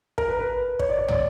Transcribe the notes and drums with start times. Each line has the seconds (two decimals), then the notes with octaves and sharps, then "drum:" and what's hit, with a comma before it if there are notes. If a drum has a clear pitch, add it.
0.18 A#4, drum: kick
0.28 B4
0.39 B4
0.79 C#5, drum: kick
0.89 D5
0.99 C#5
1.08 D5, drum: tom